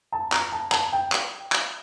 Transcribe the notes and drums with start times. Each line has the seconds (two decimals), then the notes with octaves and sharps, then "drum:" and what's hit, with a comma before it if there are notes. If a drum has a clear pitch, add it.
0.12 A5
0.32 A#5, drum: clap
0.52 A5
0.72 A5, drum: clap
0.93 G5
1.12 drum: clap
1.52 drum: clap